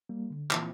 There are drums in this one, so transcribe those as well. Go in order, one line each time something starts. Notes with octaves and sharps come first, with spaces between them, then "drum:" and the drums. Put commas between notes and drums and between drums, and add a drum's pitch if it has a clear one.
G3 A#3
D3
A#2 E3 F3 C4 E4, drum: clap